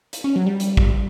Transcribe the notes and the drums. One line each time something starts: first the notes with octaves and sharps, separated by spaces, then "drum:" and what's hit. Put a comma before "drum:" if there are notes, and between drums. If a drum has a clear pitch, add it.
drum: hi-hat
C#4
F#3
G3
drum: hi-hat
drum: kick